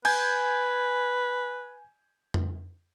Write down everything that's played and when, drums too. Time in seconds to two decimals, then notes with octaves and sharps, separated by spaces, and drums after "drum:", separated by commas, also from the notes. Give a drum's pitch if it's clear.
0.05 B4 G#5 G6 G#6, drum: cymbal
2.34 drum: tom F2